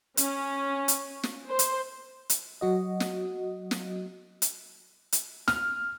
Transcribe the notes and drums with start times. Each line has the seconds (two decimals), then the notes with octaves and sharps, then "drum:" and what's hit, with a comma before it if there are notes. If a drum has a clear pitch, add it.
0.17 C#4, drum: hi-hat
0.88 drum: hi-hat
1.23 drum: snare
1.48 C5
1.59 drum: hi-hat
2.30 drum: hi-hat
2.61 F#3 F#4 D#5
3.00 drum: snare
3.71 drum: snare
4.42 drum: hi-hat
5.12 drum: hi-hat
5.48 F6, drum: snare